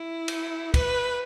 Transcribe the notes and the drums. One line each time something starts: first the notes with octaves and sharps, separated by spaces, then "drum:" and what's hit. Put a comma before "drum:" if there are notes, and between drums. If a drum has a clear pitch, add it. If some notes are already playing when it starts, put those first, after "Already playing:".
Already playing: E4
drum: cymbal
B4, drum: kick, cymbal